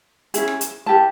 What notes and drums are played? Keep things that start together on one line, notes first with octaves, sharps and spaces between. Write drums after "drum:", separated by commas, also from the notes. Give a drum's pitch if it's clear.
C#4 E4 G#4, drum: hi-hat
drum: rim click
drum: hi-hat
E4 G4 A#4 A5